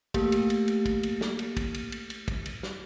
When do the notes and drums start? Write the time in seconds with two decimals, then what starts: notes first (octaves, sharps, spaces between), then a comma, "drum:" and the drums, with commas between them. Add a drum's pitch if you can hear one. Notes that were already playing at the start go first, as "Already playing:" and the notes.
0.14 A3 A#3 G4 A4, drum: kick, cymbal
0.32 drum: cymbal
0.50 drum: cymbal
0.68 drum: cymbal
0.85 drum: kick, cymbal
1.03 drum: cymbal
1.21 drum: snare
1.39 drum: cymbal
1.57 drum: kick, cymbal
1.74 drum: cymbal
1.92 drum: cymbal
2.10 drum: cymbal
2.28 drum: kick, cymbal
2.46 drum: cymbal
2.63 drum: snare